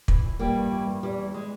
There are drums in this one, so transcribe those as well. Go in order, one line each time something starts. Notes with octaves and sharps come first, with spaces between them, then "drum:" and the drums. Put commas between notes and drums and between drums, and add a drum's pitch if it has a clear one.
E3, drum: kick
E3
E3 G3 A#3
G2
E3
G2
E2 G3
E3
E3 G#3